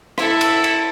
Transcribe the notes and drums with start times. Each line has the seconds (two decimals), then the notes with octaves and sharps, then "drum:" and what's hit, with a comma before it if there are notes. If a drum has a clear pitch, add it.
0.18 E4 A4, drum: rim click
0.41 drum: cymbal
0.64 drum: cymbal